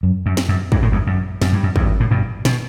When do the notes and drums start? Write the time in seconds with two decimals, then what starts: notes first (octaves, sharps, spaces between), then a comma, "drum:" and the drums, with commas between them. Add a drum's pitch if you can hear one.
0.03 F#2
0.26 F#2
0.37 drum: snare
0.49 F#2
0.72 G2, drum: kick
0.82 A2
0.92 E2 G2
1.07 F#2
1.42 F#2, drum: snare
1.52 G2
1.63 F#2
1.76 E2 G2, drum: kick
2.00 A2
2.11 G2 B2
2.45 B2, drum: snare